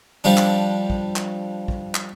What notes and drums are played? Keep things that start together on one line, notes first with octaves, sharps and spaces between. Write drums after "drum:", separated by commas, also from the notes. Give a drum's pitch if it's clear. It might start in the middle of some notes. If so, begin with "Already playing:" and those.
F3 G3 D4
drum: clap
drum: kick
drum: clap
drum: kick
drum: clap